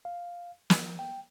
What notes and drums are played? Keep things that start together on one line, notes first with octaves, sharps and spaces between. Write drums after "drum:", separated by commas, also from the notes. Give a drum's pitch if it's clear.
F5
F3, drum: snare
G5